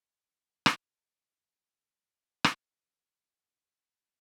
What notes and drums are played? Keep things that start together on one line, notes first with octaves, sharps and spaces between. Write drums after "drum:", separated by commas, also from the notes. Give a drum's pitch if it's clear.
D#5
drum: rim click
C#5 D#5 A#5 D7 F7
drum: rim click